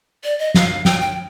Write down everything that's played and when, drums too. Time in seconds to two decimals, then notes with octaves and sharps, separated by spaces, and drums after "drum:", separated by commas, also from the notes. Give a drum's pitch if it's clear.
0.24 D5
0.39 D#5
0.54 F5, drum: snare
0.85 G5, drum: snare
1.00 G5